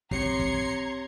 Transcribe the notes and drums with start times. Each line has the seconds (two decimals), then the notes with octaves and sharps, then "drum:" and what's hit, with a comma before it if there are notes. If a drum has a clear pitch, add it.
0.11 C4 G4 C#5 A#5 C6 G#6 C7 C#7, drum: kick
0.39 drum: kick